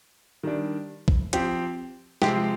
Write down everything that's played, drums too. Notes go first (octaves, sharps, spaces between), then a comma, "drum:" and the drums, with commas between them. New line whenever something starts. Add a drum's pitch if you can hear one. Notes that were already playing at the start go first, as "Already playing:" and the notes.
D#3 G3 D4
drum: kick
F3 C4 G4, drum: hi-hat
C3 F3 G#3 C4 G4, drum: snare